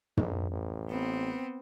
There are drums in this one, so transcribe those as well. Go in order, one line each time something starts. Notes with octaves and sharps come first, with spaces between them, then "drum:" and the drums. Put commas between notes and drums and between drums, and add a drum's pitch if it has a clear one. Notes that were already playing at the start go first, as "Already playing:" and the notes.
A#1, drum: tom
A1
B3 C4